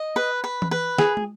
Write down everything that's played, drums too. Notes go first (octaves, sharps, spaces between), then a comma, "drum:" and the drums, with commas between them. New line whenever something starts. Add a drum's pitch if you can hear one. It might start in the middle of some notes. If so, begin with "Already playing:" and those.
Already playing: D#5
B4
B4
drum: tom E3
B4
G#4, drum: snare
drum: tom